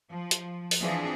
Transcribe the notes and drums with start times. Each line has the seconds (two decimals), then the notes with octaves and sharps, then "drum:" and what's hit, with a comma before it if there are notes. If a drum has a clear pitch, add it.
0.11 F3
0.31 drum: hi-hat
0.71 drum: open hi-hat
0.80 E3 F3 C4 D4 G#4